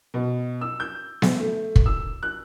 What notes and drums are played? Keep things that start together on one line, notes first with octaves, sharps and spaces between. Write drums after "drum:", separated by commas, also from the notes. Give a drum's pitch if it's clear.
B2
E6
G6
drum: snare B3
A3
drum: kick
E6
F#6